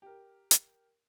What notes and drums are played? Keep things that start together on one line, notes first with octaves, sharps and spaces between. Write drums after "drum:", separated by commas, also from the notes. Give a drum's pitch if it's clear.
G4 A#4
drum: hi-hat